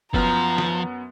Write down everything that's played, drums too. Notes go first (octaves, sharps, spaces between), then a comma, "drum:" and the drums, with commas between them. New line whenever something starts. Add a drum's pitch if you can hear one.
F#2 F3 B3 A#5 F6, drum: kick
drum: snare